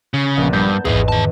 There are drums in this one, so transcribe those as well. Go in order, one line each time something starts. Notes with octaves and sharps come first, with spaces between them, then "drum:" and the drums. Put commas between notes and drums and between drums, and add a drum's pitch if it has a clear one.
C#3
A#1 B3
G2 A5 G6
E2 G#2 B3 G#4, drum: kick
D#3 A5